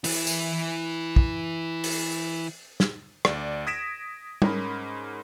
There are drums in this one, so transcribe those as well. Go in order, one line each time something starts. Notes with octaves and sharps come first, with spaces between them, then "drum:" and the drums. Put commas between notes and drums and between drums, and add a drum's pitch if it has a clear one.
E3 E4, drum: open hi-hat
drum: tambourine
drum: kick
drum: open hi-hat
drum: snare
D2 D5, drum: rim click
D#6 G#6 A#6 B6 D7 E7
G#2 C#4 A#4 B5, drum: tom G3